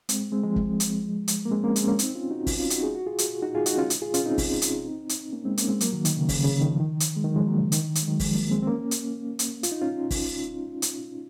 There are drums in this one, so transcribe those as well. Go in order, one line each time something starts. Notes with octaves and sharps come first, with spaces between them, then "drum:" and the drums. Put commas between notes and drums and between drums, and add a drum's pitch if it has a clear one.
G#3 C4, drum: hi-hat
G#3 C4
F3 G#3
drum: kick
drum: hi-hat
drum: hi-hat
A#3
G#3 C4
A#3 C#4
G#3 C4, drum: hi-hat
A#3 C#4
C4 D#4, drum: hi-hat
C#4 F4
D#4 F#4
C#4 F4, drum: kick, open hi-hat
C#4 F4
D#4 F#4, drum: hi-hat
G#4
F#4
F4 G#4
drum: hi-hat
D#4 F#4
F4 G#4
D#4 F#4, drum: hi-hat
C#4 F4
drum: hi-hat
F4 G#4
C#4 F4, drum: hi-hat
C4 D#4
drum: kick, open hi-hat
drum: hi-hat
drum: hi-hat
A#3 C#4
G#3 C4
A#3 C#4, drum: hi-hat
G#3 C4
F#3 A#3, drum: hi-hat
D#3 F#3
D#3, drum: hi-hat
C#3
C#3, drum: kick, open hi-hat
C#3
D#3
F3
D#3
drum: hi-hat
G#3
D#3 F#3
F3 G#3
F#3 A#3
C#3
D#3, drum: hi-hat
D#3
D#3, drum: hi-hat
G#3
D#3 F#3
F3 G#3, drum: kick, open hi-hat
F#3 A#3
G#3 C4
C4
A#3 C#4
drum: hi-hat
drum: hi-hat
F4, drum: hi-hat
D#4
C#4 F4
drum: kick, open hi-hat
drum: hi-hat